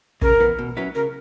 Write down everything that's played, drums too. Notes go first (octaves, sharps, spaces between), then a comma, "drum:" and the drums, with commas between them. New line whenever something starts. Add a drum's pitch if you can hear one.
C#3 A#4, drum: kick
E3 B3
B2
F#3 C#4 E4 B4
C#3 A#4